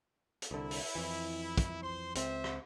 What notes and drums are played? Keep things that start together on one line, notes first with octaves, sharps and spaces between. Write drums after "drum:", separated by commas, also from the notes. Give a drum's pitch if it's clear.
drum: hi-hat
C2 D3 E4
drum: open hi-hat
F2 E3
drum: kick, hi-hat
C5 C6
C#2 C4 C5 E5, drum: hi-hat
drum: rim click